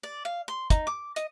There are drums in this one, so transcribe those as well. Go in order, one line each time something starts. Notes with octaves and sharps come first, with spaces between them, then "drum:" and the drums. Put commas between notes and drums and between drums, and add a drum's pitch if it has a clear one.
D5
F5
C6
D#4, drum: kick, hi-hat
D6
D#5, drum: hi-hat